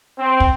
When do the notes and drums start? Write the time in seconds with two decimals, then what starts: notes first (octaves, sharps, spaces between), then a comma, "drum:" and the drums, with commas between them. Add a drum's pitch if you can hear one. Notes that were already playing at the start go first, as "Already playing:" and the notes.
0.18 C4
0.40 drum: kick